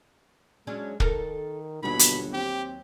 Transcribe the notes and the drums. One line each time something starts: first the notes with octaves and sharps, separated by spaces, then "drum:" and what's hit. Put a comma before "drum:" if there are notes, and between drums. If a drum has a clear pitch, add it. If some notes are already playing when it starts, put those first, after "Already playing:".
F#3 G#3 C#4 D4
D#3 A4 A#4, drum: kick
G1 D#2 B2 F#3 B5
drum: hi-hat
C4 G4